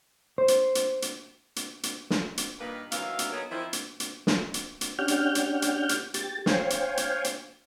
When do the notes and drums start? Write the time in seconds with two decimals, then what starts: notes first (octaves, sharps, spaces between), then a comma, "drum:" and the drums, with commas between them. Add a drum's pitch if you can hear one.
0.38 C5
0.48 drum: hi-hat
0.75 drum: hi-hat
1.02 drum: hi-hat
1.56 drum: hi-hat
1.83 drum: hi-hat
2.10 drum: snare
2.37 drum: hi-hat
2.59 G2 A#2 D#3 A#3 B4 F5
2.92 D#3 E3 F#3 E5 F5, drum: hi-hat
3.19 drum: hi-hat
3.32 F#3 B3 D#4 G#4 A#4 C#5
3.50 D#3 F3 C4 E4
3.73 drum: hi-hat
4.00 drum: hi-hat
4.27 drum: snare
4.54 drum: hi-hat
4.81 drum: hi-hat
4.99 C#4 D4 G4 F#5 F6 G6
5.08 drum: hi-hat
5.35 drum: hi-hat
5.62 drum: hi-hat
5.89 drum: hi-hat
6.14 G4 A6, drum: hi-hat
6.46 C5 C#5 F5 G5 G#5, drum: snare
6.70 drum: hi-hat
6.97 drum: hi-hat
7.24 drum: hi-hat